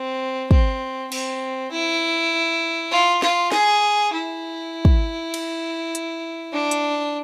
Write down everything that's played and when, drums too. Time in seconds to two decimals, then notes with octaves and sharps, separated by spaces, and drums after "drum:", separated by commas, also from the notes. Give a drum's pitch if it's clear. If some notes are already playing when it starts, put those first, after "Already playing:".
Already playing: C4
0.51 C4, drum: kick
1.12 C4, drum: cymbal
1.71 E4
2.91 F4
3.22 F4, drum: snare
3.52 G#4, drum: snare
4.13 E4
4.85 drum: kick
5.34 drum: cymbal
5.95 drum: hi-hat
6.53 D4
6.71 drum: hi-hat